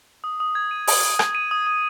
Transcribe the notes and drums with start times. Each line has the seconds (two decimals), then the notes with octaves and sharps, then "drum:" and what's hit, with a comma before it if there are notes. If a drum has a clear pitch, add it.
0.24 D#6
0.40 D#6
0.55 G#6
0.71 D#7
0.87 D#6, drum: open hi-hat
1.04 D#6
1.19 G#6, drum: rim click
1.35 D#7
1.51 D#6
1.67 D#6